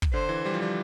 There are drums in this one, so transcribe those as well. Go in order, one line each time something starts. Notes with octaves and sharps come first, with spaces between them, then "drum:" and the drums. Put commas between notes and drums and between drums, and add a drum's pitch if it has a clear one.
drum: kick
D3 C5
E3
G3
F3
G3